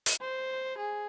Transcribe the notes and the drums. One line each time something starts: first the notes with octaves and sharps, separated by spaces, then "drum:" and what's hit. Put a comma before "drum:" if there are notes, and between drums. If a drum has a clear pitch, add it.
drum: hi-hat
C5
G#4